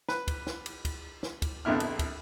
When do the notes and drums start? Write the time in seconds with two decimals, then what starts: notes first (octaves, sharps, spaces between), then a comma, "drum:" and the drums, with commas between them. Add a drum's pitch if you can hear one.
0.09 B4, drum: snare
0.28 drum: kick, cymbal
0.47 drum: snare
0.66 drum: cymbal
0.85 drum: kick, cymbal
1.23 drum: snare
1.42 drum: kick, cymbal
1.65 A#1 F2 D3 B3 E4 F6
1.80 drum: cymbal
1.99 drum: kick, cymbal